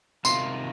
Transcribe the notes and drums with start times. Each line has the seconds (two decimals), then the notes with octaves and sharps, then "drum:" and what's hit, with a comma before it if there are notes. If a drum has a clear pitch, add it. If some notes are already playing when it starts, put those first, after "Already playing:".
0.25 C3 D#3 A#3 F4 C6, drum: tambourine